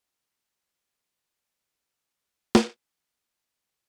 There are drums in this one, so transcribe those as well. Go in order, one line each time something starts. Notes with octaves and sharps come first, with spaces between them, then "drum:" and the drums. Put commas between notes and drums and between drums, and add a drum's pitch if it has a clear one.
G5 D#6 A6
drum: snare
E3